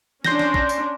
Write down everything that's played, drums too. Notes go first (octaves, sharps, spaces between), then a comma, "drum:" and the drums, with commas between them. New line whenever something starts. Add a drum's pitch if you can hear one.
C#4 D4 C6 G6 A#6, drum: snare
drum: snare
drum: kick
drum: tambourine